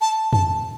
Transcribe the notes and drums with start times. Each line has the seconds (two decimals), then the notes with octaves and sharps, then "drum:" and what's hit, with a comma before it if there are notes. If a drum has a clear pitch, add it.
0.01 A5
0.33 A5, drum: tom F2